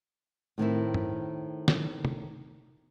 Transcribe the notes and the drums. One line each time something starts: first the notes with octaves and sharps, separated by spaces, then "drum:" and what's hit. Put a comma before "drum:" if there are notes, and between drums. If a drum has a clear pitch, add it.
A2 D#3 C4 E4
drum: tom
drum: snare
drum: tom